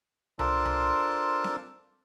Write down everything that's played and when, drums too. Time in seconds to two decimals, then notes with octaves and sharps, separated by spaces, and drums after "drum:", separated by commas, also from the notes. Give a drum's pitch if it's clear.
0.39 D4 F4 A4 A#4 C5 A5, drum: tom C2
0.65 drum: tom C2
1.44 drum: snare C4